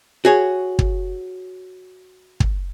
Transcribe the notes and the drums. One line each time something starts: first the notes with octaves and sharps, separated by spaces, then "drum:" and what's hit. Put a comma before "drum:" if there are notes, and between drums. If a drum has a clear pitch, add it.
F#4 G#4 C#5
drum: kick
drum: kick